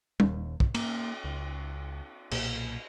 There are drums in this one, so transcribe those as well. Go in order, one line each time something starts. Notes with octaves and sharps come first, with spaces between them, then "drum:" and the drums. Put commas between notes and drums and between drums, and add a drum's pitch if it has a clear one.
D#1 D#2, drum: tom
drum: kick
A#3, drum: cymbal
C#2
B1 A#2, drum: cymbal